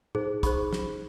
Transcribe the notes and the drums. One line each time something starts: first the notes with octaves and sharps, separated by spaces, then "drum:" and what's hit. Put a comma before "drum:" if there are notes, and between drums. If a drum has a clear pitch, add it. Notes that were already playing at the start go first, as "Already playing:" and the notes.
D#4 G#4 C5, drum: tom
D#4 G#4 C5 B5 C#6, drum: kick, hi-hat
drum: snare